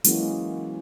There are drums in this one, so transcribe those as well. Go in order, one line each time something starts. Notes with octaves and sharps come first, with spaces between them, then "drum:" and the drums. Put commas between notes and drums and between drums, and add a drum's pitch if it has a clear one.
E3 F#3 G#3 A#3 C#4 F#4, drum: hi-hat